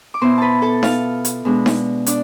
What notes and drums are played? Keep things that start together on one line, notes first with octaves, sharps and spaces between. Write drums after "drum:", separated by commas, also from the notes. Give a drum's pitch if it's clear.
D6
B2 B3 E4 C5 C6
B4 A5 B5
A4 A5
F4 F5, drum: snare D#4
drum: hi-hat
B2 G#3 D4
drum: snare D#4
D4 D5, drum: hi-hat